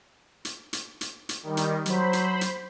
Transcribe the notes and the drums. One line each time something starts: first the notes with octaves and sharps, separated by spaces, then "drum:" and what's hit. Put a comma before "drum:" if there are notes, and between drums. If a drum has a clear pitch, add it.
drum: hi-hat
drum: hi-hat
drum: hi-hat
drum: hi-hat
D#3 G3
drum: hi-hat
F#3 C5 B5, drum: hi-hat
drum: hi-hat
drum: hi-hat